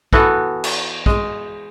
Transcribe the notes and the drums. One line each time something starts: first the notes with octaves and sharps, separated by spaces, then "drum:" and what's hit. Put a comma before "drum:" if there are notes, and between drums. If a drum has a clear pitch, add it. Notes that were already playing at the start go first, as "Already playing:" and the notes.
E3 B3 F#4 A4, drum: kick
drum: cymbal
G#3, drum: kick